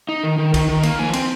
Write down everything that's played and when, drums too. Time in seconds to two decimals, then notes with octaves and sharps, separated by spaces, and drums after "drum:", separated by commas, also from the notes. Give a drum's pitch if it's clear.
0.09 D#4
0.23 D#3
0.38 D#3
0.54 D#3, drum: kick, cymbal
0.69 D#3
0.83 A#3, drum: cymbal
0.99 F3 G#5
1.13 C4, drum: cymbal